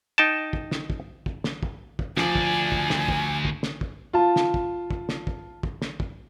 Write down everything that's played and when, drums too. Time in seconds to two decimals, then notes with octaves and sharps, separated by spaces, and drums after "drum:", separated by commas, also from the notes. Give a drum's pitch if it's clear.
0.18 D#4 G5 A5
0.53 drum: kick
0.71 drum: snare
0.90 drum: kick
1.26 drum: kick
1.44 drum: snare
1.63 drum: kick
1.99 drum: kick
2.17 D2 F3 D5 G#5, drum: snare
2.35 drum: kick
2.72 drum: kick
2.90 drum: snare
3.08 drum: kick
3.45 drum: kick
3.63 drum: snare
3.81 drum: kick
4.13 F4 A5
4.36 drum: snare
4.54 drum: kick
4.91 drum: kick
5.09 drum: snare
5.27 drum: kick
5.63 drum: kick
5.82 drum: snare
6.00 drum: kick